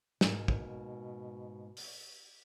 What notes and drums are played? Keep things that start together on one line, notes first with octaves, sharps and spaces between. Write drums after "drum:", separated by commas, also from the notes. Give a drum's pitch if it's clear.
G#2 B2 A#3, drum: snare
drum: kick
drum: open hi-hat